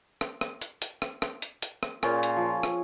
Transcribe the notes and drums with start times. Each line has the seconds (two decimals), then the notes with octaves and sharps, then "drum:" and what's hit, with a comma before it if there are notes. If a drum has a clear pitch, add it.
0.21 drum: rim click
0.41 drum: rim click
0.62 drum: hi-hat
0.82 drum: hi-hat
1.02 drum: rim click
1.22 drum: rim click
1.42 drum: hi-hat
1.62 drum: hi-hat
1.83 drum: rim click
2.03 A#2 C#4 F4 G#4, drum: rim click
2.23 drum: hi-hat
2.36 F3
2.63 drum: rim click